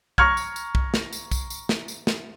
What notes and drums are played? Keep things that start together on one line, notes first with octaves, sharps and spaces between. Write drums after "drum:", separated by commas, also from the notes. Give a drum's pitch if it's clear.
A#5 C#6 F6 G#6, drum: kick
drum: tambourine
drum: tambourine
drum: kick
drum: snare
drum: tambourine
drum: kick, tambourine
drum: tambourine
drum: snare
drum: tambourine
drum: snare